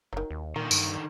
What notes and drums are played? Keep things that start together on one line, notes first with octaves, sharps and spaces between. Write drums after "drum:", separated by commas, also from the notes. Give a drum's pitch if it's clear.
F#1 D#3 F#3
D#2
A#2 D3 D#3 A#4
G2, drum: tambourine